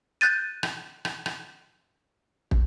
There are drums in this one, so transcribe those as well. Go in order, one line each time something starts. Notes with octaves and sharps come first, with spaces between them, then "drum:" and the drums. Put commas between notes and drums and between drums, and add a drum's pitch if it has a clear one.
F#6 G6 A6 D#7
drum: rim click
drum: rim click
drum: rim click
drum: kick